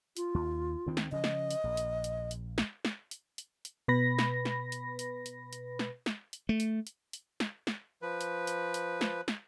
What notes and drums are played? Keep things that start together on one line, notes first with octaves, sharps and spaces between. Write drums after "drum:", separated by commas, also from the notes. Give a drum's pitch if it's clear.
F4, drum: hi-hat
D#2
D2 D#3 C4
drum: snare
C#3 F3 D#5
drum: snare
drum: hi-hat
A#1
drum: hi-hat
drum: hi-hat
drum: hi-hat
drum: snare
drum: snare
drum: hi-hat
drum: hi-hat
drum: hi-hat
B2 B4 B5 A#6
drum: snare
drum: snare
drum: hi-hat
drum: hi-hat
drum: hi-hat
drum: hi-hat
drum: snare
drum: snare
drum: hi-hat
A3
drum: hi-hat
drum: hi-hat
drum: hi-hat
drum: snare
drum: snare
F3 B4
drum: hi-hat
drum: hi-hat
drum: hi-hat
drum: snare
drum: snare